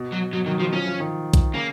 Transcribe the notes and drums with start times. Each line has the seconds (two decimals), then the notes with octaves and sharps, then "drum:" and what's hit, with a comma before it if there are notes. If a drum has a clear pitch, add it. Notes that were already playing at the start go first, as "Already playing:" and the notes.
Already playing: B2
0.12 F#3
0.33 B2 F#3
0.46 D#3 F#3
0.59 F3 F#3
0.73 F3 C#4
0.86 F3
1.00 D#3
1.33 drum: kick B1, hi-hat
1.53 C#3 A#3